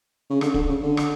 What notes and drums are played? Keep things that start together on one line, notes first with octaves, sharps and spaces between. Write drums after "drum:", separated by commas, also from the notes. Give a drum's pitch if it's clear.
C#3
D3, drum: rim click
D3, drum: kick
C#3
D3
drum: rim click